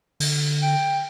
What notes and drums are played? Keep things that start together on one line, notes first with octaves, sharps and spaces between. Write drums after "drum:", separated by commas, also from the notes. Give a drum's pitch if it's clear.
D3, drum: open hi-hat
G5